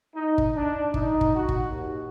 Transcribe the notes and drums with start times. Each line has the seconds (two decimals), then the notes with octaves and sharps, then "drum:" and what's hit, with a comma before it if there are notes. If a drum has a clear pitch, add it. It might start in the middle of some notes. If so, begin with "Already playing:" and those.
0.14 D#4
0.38 drum: kick
0.55 D4
0.94 D#4, drum: kick
1.21 drum: kick
1.35 F#4
1.49 drum: kick
1.68 D#2